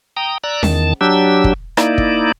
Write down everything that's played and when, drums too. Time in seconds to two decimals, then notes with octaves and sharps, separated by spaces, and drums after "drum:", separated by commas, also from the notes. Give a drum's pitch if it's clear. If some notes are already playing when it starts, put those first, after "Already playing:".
0.17 G5 A#5 D#6
0.44 D5 A#5 E6 F#6
0.63 E2 D#3 A5, drum: snare C#4
1.01 F#3 D4 G4 E6
1.44 drum: kick
1.77 A#3 D#4 E4 D5, drum: rim click
1.98 drum: kick